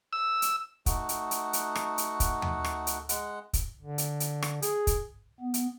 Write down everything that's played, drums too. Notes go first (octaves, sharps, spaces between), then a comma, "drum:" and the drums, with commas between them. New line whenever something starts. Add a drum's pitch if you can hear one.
E6
drum: hi-hat
A3 D#4 F#4 F#5, drum: kick, hi-hat
drum: hi-hat
drum: hi-hat
drum: hi-hat
drum: rim click
drum: hi-hat
drum: kick, hi-hat
drum: tom
drum: rim click
drum: hi-hat
G#3 F#5, drum: hi-hat
drum: kick, hi-hat
D3
drum: hi-hat
drum: hi-hat
drum: rim click
G#4, drum: hi-hat
drum: kick, hi-hat
B3
drum: hi-hat